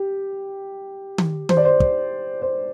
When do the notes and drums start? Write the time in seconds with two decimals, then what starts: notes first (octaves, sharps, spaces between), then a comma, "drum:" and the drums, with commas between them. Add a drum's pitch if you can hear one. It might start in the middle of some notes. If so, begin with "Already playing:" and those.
Already playing: G4
1.18 drum: tom D#3
1.49 C5, drum: tom D#3
1.57 D5
1.65 C5
1.80 drum: kick
2.42 C5